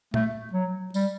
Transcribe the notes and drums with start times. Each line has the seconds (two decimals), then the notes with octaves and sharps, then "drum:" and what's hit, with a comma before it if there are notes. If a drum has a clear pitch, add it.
0.14 A3, drum: tom
0.53 F#3
0.94 G3, drum: tambourine